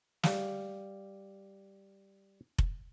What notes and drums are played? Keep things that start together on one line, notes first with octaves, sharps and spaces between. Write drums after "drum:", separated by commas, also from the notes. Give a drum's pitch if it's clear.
G3 F5, drum: snare
drum: kick F1